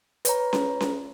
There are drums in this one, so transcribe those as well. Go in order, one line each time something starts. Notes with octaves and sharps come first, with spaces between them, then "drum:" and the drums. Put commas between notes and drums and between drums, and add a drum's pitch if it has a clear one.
B4 C#5 A#5, drum: hi-hat
drum: snare C#4
drum: snare C#4